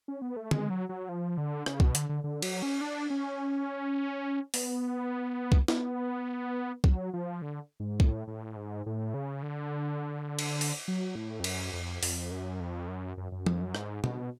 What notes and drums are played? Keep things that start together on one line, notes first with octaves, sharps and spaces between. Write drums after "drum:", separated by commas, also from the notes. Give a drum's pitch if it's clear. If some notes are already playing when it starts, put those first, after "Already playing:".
C#4
B3
A3
G#3, drum: tom D3
F#3
F#3
F3
D3
C#3, drum: rim click
B2, drum: kick
D3, drum: hi-hat
D3
D3
F#3, drum: cymbal
C#4
D4
C#4
B3, drum: open hi-hat
drum: kick
B3, drum: snare E4
F#3, drum: kick
F3
D3
G#2
A2, drum: kick
A2
G#2
A2
C#3
D3
drum: cymbal
drum: open hi-hat
F#3
A2
F2
F#2, drum: cymbal
F2
F2, drum: open hi-hat
F#2
F2
F#2
F#2
F#2
F2, drum: tom F3
F#2
G#2, drum: rim click
B2, drum: tom